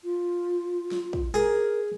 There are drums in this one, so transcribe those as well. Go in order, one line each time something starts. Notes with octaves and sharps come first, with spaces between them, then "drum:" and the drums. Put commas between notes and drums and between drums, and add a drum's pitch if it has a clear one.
F4
drum: snare
drum: kick
G#4 A#4